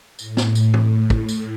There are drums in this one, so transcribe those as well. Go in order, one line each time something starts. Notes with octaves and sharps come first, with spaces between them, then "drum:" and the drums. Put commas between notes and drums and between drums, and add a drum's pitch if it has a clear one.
A2, drum: tambourine
drum: snare
drum: tambourine
drum: tom
drum: kick
drum: tambourine